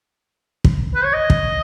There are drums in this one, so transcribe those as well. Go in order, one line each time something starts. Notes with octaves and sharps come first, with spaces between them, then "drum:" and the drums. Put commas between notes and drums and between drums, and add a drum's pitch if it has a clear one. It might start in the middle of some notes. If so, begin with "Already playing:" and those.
drum: kick
B4
C#5
D#5
drum: kick